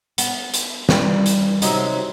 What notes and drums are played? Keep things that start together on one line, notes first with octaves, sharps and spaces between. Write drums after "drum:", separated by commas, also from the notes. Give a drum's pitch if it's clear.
B3, drum: hi-hat
drum: hi-hat
G3, drum: snare
drum: hi-hat
C3 F#3 D#4, drum: hi-hat